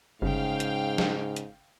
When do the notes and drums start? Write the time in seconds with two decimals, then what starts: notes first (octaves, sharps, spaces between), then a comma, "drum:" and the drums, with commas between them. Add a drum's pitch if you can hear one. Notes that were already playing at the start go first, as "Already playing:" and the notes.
0.22 G1 G#2 C#3 F5 G5
0.60 drum: hi-hat
0.98 drum: snare
1.36 drum: hi-hat